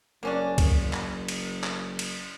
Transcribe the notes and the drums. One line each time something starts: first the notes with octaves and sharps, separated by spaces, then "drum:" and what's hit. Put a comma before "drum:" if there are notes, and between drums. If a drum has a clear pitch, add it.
F#1 A#3 C#4 D4
drum: kick, cymbal
drum: clap
drum: cymbal
drum: clap
drum: cymbal